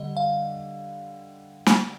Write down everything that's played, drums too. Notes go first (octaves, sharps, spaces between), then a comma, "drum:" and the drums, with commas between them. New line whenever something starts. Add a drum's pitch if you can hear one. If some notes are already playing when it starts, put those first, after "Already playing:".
Already playing: D3 G3 D#5
F5
drum: snare